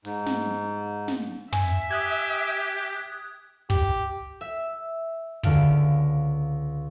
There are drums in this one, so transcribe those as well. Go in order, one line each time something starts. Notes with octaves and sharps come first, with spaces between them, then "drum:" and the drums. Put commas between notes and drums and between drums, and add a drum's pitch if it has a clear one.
G#2, drum: open hi-hat
drum: snare
drum: snare
E5 G#5, drum: tom
G4 D#6 F#6 G#6
G4, drum: kick
E5
C#2 D3 F5 D7, drum: kick